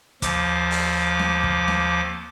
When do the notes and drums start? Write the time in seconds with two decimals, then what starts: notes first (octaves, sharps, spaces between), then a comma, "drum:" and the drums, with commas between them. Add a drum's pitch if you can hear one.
0.22 D#2 F3 D6, drum: kick, hi-hat
0.71 drum: open hi-hat
1.19 drum: snare C4
1.44 drum: kick
1.68 drum: snare C4